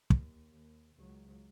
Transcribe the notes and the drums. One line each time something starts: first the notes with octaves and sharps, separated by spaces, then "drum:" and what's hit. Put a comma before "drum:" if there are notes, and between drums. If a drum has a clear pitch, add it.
D#2, drum: kick
D#2
C#2 F#3